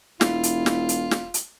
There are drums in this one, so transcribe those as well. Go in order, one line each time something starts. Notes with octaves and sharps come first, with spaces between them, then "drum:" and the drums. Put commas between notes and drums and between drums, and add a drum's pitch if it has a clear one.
E1 E4 F4, drum: snare
drum: hi-hat
drum: snare
drum: hi-hat
drum: snare
drum: hi-hat